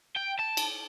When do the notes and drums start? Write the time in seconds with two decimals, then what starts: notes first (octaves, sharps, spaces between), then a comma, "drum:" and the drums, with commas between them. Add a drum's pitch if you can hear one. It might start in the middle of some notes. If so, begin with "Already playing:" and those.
0.17 G5
0.39 A5
0.57 drum: cymbal